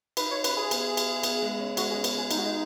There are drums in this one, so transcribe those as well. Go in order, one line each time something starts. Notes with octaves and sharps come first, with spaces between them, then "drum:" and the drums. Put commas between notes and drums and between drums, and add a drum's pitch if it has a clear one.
D#4 B4, drum: cymbal
C#5
C#4 B4, drum: cymbal
G#4
B3, drum: cymbal
drum: cymbal
B3, drum: cymbal
G#3
C#4
G#3 F#4, drum: cymbal
C#4 G#4
B3, drum: cymbal
G#4
G#3 D#4, drum: cymbal
F#4
D#4